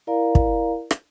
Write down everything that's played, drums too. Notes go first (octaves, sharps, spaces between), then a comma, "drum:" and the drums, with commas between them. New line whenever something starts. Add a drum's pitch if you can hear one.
E4 A#4 D5 F5 A#5
drum: kick
drum: rim click